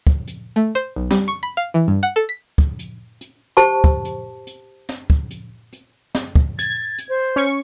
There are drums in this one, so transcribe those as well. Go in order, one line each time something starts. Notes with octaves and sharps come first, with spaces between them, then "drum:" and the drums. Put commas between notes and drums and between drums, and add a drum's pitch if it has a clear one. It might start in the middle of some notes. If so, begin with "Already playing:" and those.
drum: kick
drum: hi-hat
A3
C5
B1
G3, drum: snare
C#6
B5
F5
E3
G2
F#5
A4
B6
drum: kick
drum: hi-hat
drum: hi-hat
G4 C5 A5 C#6
drum: kick
drum: hi-hat
drum: hi-hat
drum: snare
drum: kick
drum: hi-hat
drum: hi-hat
drum: snare
drum: kick
G#6 A6, drum: hi-hat
drum: hi-hat
C5
C#4 C#6